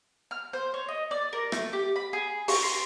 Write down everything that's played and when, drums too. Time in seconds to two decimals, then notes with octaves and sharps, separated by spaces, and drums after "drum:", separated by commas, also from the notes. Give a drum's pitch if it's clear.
0.31 F6
0.53 C5
0.74 C#5
0.88 D#5
1.11 D5
1.33 A#4
1.52 A3, drum: rim click
1.73 G4
1.96 B5
2.13 G#4
2.48 C#6, drum: open hi-hat
2.63 C6